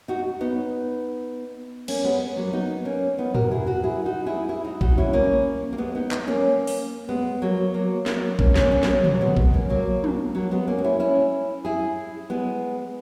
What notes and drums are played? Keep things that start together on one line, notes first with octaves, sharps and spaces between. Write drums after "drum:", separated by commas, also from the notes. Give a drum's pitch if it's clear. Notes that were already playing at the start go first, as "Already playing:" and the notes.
D#4 F#4
B3 D#4
A#3 C#4, drum: cymbal
G#3 B3
F#3 A#3
B3 D#4
A#3 C#4
B3 D#4
F#4 A#4, drum: tom
E4 G#4
F#4 A#4
E4 G#4
D#4 F#4
E4 G#4
E4 G#4
D#4 F#4
D#4 F#4, drum: kick A#1
C#4 E4
A#3 C#4
A#3
G#3 B3
B3 D#4
B3 D#4, drum: clap
A#3 C#4
drum: open hi-hat
G#3 B3
F#3 A#3
F#3 A#3
F#3 A#3, drum: snare
A#3 C#4, drum: kick A#1
A#3 C#4, drum: snare
A#3 C#4
F#3, drum: snare
G#3
F#3 A#3, drum: tom
G#3 B3
G#3 B3, drum: kick A#1
A#3 C#4
F#3 A#3
drum: tom
F#3 A#3
G#3 B3
A#3 C#4
F#4
C#4 E4
C#4 E4
E4 G#4
G#3 B3